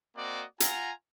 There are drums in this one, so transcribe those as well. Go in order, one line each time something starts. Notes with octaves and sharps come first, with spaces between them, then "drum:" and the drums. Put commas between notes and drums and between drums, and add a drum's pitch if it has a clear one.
A#3 C4 F#4 D5 D#5
F4 F#5 G#5 A#5, drum: hi-hat